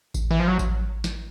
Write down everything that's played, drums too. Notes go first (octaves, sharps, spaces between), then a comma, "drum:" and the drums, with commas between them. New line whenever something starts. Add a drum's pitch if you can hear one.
drum: kick A1, tambourine
E3
F3
F#3
drum: kick A1, tambourine
drum: snare